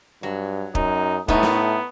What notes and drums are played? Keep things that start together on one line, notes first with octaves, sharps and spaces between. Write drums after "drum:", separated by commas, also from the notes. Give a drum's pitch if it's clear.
G2 F#3
F#2 D#4, drum: kick
A2 A3 B3 D#4, drum: kick
drum: snare